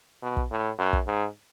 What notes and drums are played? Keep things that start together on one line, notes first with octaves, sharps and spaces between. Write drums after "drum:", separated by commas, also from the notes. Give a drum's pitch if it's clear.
B2
drum: kick
A2
F#2
drum: kick
G#2